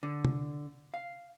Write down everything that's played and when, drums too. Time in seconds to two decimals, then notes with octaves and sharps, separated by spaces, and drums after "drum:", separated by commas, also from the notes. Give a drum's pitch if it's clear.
0.03 D3
0.25 drum: tom C3
0.94 F5